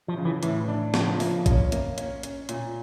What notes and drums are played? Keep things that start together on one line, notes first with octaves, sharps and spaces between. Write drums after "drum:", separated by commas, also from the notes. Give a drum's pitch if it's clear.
F3
C#3
E3
A2 E3, drum: hi-hat
D4
C#3 F3, drum: snare
A#3, drum: open hi-hat
C#4, drum: kick, hi-hat
A#3, drum: hi-hat
C#4, drum: hi-hat
C#4, drum: hi-hat
A#2, drum: hi-hat